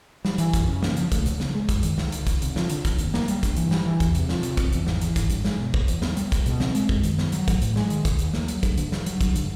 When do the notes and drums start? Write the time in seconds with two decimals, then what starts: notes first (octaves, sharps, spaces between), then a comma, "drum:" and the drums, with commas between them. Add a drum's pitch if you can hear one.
0.25 G3, drum: snare
0.38 E3, drum: hi-hat
0.54 F#2, drum: kick, hi-hat
0.68 C#3
0.83 A#3, drum: snare
0.97 F3, drum: hi-hat
1.12 D2, drum: kick, hi-hat
1.26 C#3, drum: hi-hat
1.40 B3, drum: snare
1.55 G#3
1.69 F#2, drum: kick, hi-hat
1.83 D#3, drum: hi-hat
1.98 C#2, drum: snare
2.12 D#3, drum: hi-hat
2.27 C#2, drum: kick, hi-hat
2.42 C3, drum: hi-hat
2.56 F3, drum: snare
2.70 D3, drum: hi-hat
2.85 F1, drum: kick, hi-hat
2.99 D#2, drum: hi-hat
3.14 A#3, drum: snare
3.28 G3, drum: hi-hat
3.43 G2, drum: kick, hi-hat
3.57 E3, drum: hi-hat
3.71 G3, drum: snare
3.86 E3
4.00 E2, drum: kick, hi-hat
4.15 C3, drum: hi-hat
4.29 F3, drum: snare
4.43 C3, drum: hi-hat
4.57 F#1, drum: kick, hi-hat
4.73 E2, drum: hi-hat
4.87 G#1, drum: snare
5.01 E3, drum: hi-hat
5.16 G#1, drum: kick, hi-hat
5.30 G2, drum: hi-hat
5.45 G#3, drum: snare
5.60 B2
5.74 F#1, drum: kick
5.88 E2, drum: hi-hat
6.02 B3, drum: snare
6.17 G3, drum: hi-hat
6.32 C#2, drum: kick, hi-hat
6.46 B2, drum: hi-hat
6.60 C4, drum: snare
6.75 G#3, drum: hi-hat
6.89 F#2, drum: kick
7.03 D#3, drum: hi-hat
7.19 B3, drum: snare
7.32 F#3, drum: hi-hat
7.48 A1, drum: kick, hi-hat
7.62 A2, drum: hi-hat
7.76 G#3, drum: snare
7.90 D#3, drum: hi-hat
8.05 E1, drum: kick, hi-hat
8.19 D#2, drum: hi-hat
8.34 A#3, drum: snare
8.48 F#3, drum: hi-hat
8.63 G2, drum: kick, hi-hat
8.78 D3, drum: hi-hat
8.92 G2, drum: snare
9.06 F#3, drum: hi-hat
9.21 G2, drum: kick, hi-hat
9.36 D3, drum: hi-hat